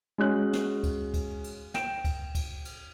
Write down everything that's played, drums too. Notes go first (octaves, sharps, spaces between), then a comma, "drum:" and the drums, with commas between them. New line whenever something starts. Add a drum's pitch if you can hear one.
G#3 C#4 F#4 F#6
drum: snare
drum: kick C#2, cymbal
drum: kick C#2, cymbal
drum: cymbal
G5 D7 E7, drum: snare
drum: kick C#2, cymbal
drum: kick C#2, cymbal
drum: cymbal